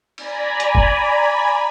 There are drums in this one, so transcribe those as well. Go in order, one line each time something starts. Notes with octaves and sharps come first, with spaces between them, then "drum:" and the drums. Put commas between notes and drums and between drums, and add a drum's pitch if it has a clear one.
D5 G#5 A#5 B5, drum: cymbal
drum: hi-hat
drum: kick F1